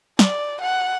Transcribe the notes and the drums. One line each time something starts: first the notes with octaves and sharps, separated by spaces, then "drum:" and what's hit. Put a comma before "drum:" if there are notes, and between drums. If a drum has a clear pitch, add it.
D5, drum: snare
F#5